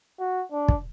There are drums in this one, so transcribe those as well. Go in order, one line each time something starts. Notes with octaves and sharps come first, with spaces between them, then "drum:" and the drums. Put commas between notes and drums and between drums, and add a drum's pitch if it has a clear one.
F#4
D4
drum: kick